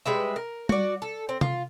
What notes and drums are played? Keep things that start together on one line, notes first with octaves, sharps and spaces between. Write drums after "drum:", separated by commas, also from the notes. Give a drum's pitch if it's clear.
G3 G#3 B4 E5
A#4
F#4 D5, drum: tom G3
A4
C4
F4, drum: tom C3